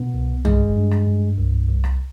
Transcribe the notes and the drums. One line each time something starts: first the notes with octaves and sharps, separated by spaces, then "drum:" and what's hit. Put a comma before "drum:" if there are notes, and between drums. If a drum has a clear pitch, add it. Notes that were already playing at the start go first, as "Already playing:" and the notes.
Already playing: B2 B3
C2
G2 G#3, drum: tom
G2
drum: rim click
G2
C2
C2
drum: rim click